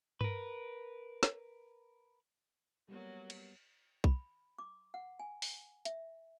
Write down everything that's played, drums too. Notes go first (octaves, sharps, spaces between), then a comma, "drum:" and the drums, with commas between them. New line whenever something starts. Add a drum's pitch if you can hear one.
A#4 B4, drum: tom G2
drum: snare
F#3 G3 A#3 B3
drum: cymbal
B5, drum: kick B1
D6
F#5
G#5
drum: open hi-hat
E5, drum: hi-hat